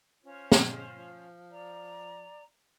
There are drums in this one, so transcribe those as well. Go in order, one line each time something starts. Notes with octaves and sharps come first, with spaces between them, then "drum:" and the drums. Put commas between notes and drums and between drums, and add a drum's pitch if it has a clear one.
C#4 F4 C5 C#5
G#3, drum: snare
F3
D5 A#5